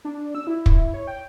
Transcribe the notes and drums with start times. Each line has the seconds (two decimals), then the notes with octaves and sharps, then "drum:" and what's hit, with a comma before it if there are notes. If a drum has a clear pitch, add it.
0.05 D4
0.35 E6
0.47 E4
0.66 E4, drum: kick
0.94 C#5
1.07 G5